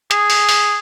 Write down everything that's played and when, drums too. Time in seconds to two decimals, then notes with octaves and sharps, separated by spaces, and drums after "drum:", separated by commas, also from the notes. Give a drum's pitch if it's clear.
0.11 G#4, drum: hi-hat
0.30 drum: open hi-hat
0.49 drum: open hi-hat